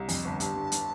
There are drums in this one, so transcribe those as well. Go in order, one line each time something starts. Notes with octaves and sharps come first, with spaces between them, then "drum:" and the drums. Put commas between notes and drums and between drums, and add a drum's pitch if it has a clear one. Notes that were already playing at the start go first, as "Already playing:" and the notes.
Already playing: C2
F2 D#5, drum: open hi-hat
G1 A5
G2 A5, drum: hi-hat
G2
drum: hi-hat